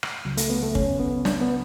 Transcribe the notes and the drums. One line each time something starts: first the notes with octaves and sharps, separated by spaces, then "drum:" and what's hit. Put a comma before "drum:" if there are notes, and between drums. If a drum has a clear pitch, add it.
drum: rim click
C#2 C#3 F#3
A3, drum: hi-hat
B3
A3
C#4, drum: kick
B3
D4, drum: snare
B3